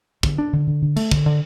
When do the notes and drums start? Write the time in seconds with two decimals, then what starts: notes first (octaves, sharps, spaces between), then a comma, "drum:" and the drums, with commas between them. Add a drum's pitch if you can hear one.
0.23 D3, drum: kick
0.38 D4
0.53 D3
0.67 D3
0.82 D3
0.96 A3, drum: cymbal
1.11 D3, drum: kick
1.26 D3